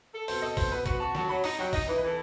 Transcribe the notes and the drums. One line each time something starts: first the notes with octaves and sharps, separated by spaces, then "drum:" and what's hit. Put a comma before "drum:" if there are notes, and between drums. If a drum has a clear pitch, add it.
A4
B2 C5, drum: open hi-hat
A4 D#5
B2 C5, drum: kick, open hi-hat
B3 B4
F#4 B4, drum: kick, hi-hat
F#4 A5
F#3 A5, drum: snare
F#3 B5
D#4 D#6, drum: open hi-hat
F#3 G5
D#4 D#5, drum: kick, open hi-hat
E3 D#5
E3 B4
A4